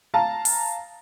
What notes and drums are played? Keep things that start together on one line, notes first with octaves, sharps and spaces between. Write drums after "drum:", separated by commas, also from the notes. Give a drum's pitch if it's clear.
F5 A5 A#5
drum: open hi-hat